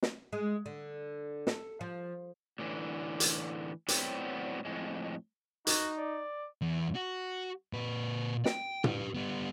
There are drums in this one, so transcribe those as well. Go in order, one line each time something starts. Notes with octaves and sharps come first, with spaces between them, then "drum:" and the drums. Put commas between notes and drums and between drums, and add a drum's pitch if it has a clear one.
drum: snare
G#3
D3
A4, drum: snare
F3
A2 D3 E3
drum: hi-hat
A2 F#3 G3 B3 C4 G4, drum: hi-hat
F2 A2 G#3
D#4 F#4, drum: hi-hat
D5
E2
F#4
A#2 B4
G5, drum: snare
G4 B4, drum: tom
G3 B3